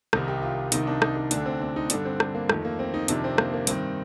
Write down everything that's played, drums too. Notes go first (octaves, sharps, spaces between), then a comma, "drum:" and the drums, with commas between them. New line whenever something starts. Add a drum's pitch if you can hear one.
C2 C3 D#3 D#4, drum: rim click
G4
F4
C2 C3 D#3 D#4, drum: hi-hat
D4
D#4, drum: rim click
D#4
D2 D3 D4, drum: hi-hat
C4
D4
D#4
G2 D3 D4, drum: hi-hat
C4
D4, drum: rim click
A#3
F2 D#3 A3, drum: rim click
A#3
C4
D#4
F2 C3 D#3 D4, drum: hi-hat
C4
A#3, drum: rim click
A#3
G2 D#3 C4, drum: hi-hat